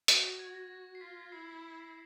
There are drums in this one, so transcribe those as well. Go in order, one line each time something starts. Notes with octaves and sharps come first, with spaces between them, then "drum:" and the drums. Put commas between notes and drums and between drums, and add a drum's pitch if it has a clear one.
F#4, drum: hi-hat
G#6
A#6
F#4
C7
F4 B6
E4 C7